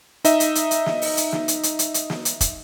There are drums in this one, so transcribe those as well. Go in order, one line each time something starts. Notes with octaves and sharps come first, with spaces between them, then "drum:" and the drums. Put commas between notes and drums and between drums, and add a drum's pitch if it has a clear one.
D#4 D#5 E5, drum: hi-hat
drum: hi-hat
drum: hi-hat
drum: hi-hat
drum: snare
drum: open hi-hat
drum: hi-hat
drum: snare
drum: hi-hat
drum: hi-hat
drum: hi-hat
drum: hi-hat
drum: snare
drum: hi-hat
drum: kick, hi-hat